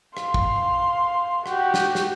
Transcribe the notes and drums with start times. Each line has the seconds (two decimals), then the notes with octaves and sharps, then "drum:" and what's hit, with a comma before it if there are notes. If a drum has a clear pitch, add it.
0.17 F5 C6, drum: rim click
0.34 drum: kick
1.46 F#4 G4, drum: rim click
1.74 drum: snare
1.95 drum: snare